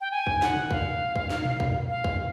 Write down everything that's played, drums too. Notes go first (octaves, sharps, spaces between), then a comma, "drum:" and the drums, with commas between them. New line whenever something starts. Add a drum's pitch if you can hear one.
G5
G#5
drum: kick
F#5, drum: snare
drum: tom C3
F5, drum: kick
drum: kick
drum: snare
drum: tom A#2
drum: kick
F5
drum: kick